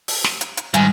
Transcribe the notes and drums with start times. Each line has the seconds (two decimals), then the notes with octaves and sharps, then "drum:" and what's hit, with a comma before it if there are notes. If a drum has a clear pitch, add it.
0.08 drum: open hi-hat
0.24 drum: snare
0.41 drum: hi-hat
0.57 drum: hi-hat
0.74 G#2 D#3 G3 G#5, drum: hi-hat